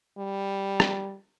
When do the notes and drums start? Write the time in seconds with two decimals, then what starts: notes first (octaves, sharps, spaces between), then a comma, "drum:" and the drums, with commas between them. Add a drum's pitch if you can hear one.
0.18 G3
0.80 drum: rim click